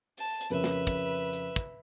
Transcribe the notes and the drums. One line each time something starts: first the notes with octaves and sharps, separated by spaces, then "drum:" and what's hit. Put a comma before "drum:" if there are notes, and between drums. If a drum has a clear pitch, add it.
A5, drum: open hi-hat
drum: hi-hat
F2 C#3 A#4 B4 E5
drum: snare
drum: kick, hi-hat
drum: hi-hat
drum: kick, hi-hat